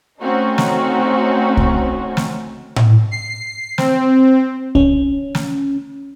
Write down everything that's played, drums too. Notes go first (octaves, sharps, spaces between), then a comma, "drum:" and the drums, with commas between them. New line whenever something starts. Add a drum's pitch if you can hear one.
A3 C4 C#4 D#4 F#4
drum: snare
drum: kick C2
drum: snare
drum: tom A2
C7
C4, drum: snare
C#4, drum: kick C2
drum: snare